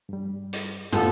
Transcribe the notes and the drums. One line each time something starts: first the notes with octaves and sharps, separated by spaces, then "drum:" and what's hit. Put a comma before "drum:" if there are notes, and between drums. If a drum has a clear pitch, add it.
G2 G3
drum: hi-hat
F3 G3 A3 B3 A4, drum: tom